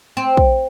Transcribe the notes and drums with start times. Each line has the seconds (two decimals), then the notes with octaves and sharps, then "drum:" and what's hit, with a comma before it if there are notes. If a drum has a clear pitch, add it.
0.17 C4
0.37 drum: kick